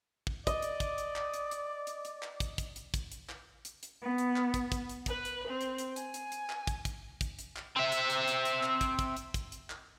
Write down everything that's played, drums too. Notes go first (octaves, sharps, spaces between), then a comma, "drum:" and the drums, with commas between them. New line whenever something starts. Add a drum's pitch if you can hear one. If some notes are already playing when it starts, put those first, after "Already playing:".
drum: kick
D5 D#5, drum: kick, hi-hat
drum: hi-hat
drum: kick, hi-hat
drum: hi-hat
drum: clap
drum: hi-hat
drum: hi-hat
drum: hi-hat
drum: hi-hat
drum: clap
drum: kick, hi-hat
drum: kick, hi-hat
drum: hi-hat
drum: kick, hi-hat
drum: hi-hat
drum: clap
drum: hi-hat
drum: hi-hat
B3
drum: hi-hat
drum: clap
drum: kick, hi-hat
drum: kick, hi-hat
drum: hi-hat
B4, drum: kick, hi-hat
drum: hi-hat
C4
drum: hi-hat
drum: hi-hat
G#5, drum: hi-hat
drum: hi-hat
drum: hi-hat
drum: clap
drum: kick, hi-hat
drum: kick, hi-hat
drum: kick, hi-hat
drum: hi-hat
drum: clap
C4 E5
drum: hi-hat
drum: hi-hat
drum: hi-hat
drum: hi-hat
drum: clap
drum: kick, hi-hat
drum: kick, hi-hat
drum: hi-hat
drum: kick, hi-hat
drum: hi-hat
drum: clap